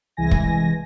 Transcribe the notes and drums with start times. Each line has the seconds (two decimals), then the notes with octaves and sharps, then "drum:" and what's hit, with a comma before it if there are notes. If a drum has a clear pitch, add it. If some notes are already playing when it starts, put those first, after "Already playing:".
0.17 C2 E3 G#3 G#5 A#6
0.31 drum: kick